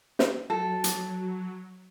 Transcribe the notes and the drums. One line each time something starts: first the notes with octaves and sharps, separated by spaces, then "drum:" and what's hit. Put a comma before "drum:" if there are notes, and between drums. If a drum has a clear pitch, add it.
drum: snare
F#3 A4
drum: hi-hat